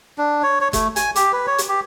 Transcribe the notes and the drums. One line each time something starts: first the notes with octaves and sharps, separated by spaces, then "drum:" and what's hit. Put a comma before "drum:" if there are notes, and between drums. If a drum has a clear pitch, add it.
D4
C#5
C#5
A3, drum: kick F#1, hi-hat
G#5, drum: hi-hat
G4, drum: hi-hat
B4
C#5
drum: hi-hat
G4